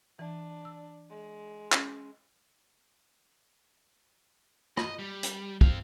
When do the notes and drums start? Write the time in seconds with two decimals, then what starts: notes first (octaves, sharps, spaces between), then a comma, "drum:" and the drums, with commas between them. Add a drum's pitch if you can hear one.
0.19 E3 D4
0.65 E6
1.10 G#3
1.72 C#4 G6, drum: clap
4.77 D#5, drum: rim click
4.99 G3
5.23 drum: hi-hat
5.61 C4 F5, drum: kick